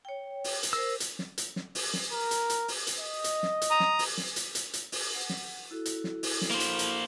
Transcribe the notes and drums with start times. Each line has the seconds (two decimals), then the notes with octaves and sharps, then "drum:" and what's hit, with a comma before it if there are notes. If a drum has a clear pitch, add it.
0.05 C#5 G5
0.44 drum: open hi-hat
0.63 drum: hi-hat
0.73 A#4 C5 E6
1.00 drum: hi-hat
1.19 drum: snare
1.38 drum: hi-hat
1.56 drum: snare
1.75 drum: open hi-hat
1.94 drum: snare
2.12 A#4
2.31 drum: hi-hat
2.50 drum: hi-hat
2.68 drum: open hi-hat
2.87 drum: hi-hat
3.00 D#5
3.24 drum: hi-hat
3.43 drum: snare
3.62 drum: hi-hat
3.71 A#5 D#6
3.80 drum: snare
3.99 drum: open hi-hat
4.18 drum: snare
4.36 drum: hi-hat
4.55 drum: hi-hat
4.74 drum: hi-hat
4.92 drum: open hi-hat
5.15 F#5
5.29 drum: snare
5.71 E4 F#4 A4
5.85 drum: hi-hat
6.04 drum: snare
6.23 drum: open hi-hat
6.41 drum: snare
6.51 A#3 C5
6.60 drum: hi-hat
6.79 drum: hi-hat